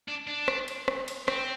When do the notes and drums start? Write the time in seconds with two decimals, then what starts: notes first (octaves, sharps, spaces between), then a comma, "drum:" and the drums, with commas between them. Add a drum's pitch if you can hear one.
0.08 D4
0.28 D4
0.48 drum: rim click
0.68 drum: cymbal
0.88 drum: rim click
1.08 drum: cymbal
1.28 C4, drum: rim click